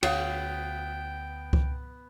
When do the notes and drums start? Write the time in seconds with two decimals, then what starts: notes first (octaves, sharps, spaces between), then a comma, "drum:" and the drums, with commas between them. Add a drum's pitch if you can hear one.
0.03 D2 B3 F#4 C#5 F5 G5, drum: cymbal
1.53 drum: kick C#2